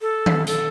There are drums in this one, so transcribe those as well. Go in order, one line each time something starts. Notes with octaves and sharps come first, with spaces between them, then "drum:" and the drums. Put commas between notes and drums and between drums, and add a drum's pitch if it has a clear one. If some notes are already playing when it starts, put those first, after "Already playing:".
A4
drum: tom D#3
A4, drum: hi-hat